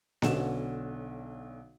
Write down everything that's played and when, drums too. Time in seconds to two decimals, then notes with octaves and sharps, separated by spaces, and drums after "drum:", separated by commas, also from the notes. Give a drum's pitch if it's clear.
0.22 B1 D3 C#4 F#4 E7, drum: snare B3